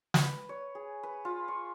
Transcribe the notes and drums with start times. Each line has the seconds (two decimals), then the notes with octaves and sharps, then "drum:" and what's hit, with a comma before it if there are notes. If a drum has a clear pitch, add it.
0.14 B4, drum: snare
0.49 C#5
0.75 G#4
1.03 B4
1.25 F4
1.48 C#6